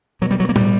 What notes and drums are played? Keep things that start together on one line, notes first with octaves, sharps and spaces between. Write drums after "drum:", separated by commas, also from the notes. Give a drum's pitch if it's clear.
B2 F#3
G3
F#3
A#3
G3, drum: tom A2